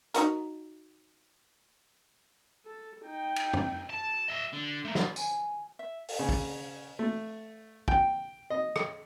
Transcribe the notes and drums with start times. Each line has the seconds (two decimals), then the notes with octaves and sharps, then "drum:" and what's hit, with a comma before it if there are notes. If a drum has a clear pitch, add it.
0.14 D#4 F#4 A#4, drum: hi-hat
2.66 A4
3.05 D#4 G5
3.36 drum: cymbal
3.53 drum: tom F2
3.90 A5
4.29 D#5 E5
4.53 D3
4.85 A3 A#3
4.95 drum: snare
5.16 G#5, drum: tambourine
5.79 E5
6.08 drum: open hi-hat
6.19 C#3
6.29 drum: kick
6.99 A3
7.88 G5, drum: kick
8.50 D#5
8.76 drum: rim click